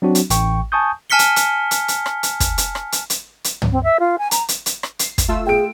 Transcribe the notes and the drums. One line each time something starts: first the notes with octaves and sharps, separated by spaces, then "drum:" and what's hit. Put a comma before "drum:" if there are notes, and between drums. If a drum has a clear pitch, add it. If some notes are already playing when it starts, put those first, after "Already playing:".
F#3 C4 D4 F#4
drum: hi-hat
A1 G5 C#6, drum: hi-hat
G#5 A5 C#6 D#6 G6
G#5 A5 F6 B6 C#7 G7
drum: hi-hat
drum: hi-hat
drum: hi-hat
drum: hi-hat
drum: rim click
drum: hi-hat
drum: kick, hi-hat
drum: hi-hat
drum: rim click
drum: hi-hat
drum: hi-hat
drum: hi-hat
drum: tom
C4
E5
F4
G#5
A#5, drum: hi-hat
drum: hi-hat
drum: hi-hat
drum: rim click
C7, drum: hi-hat
drum: kick, hi-hat
A3 F4 E6
G#4 G5 D7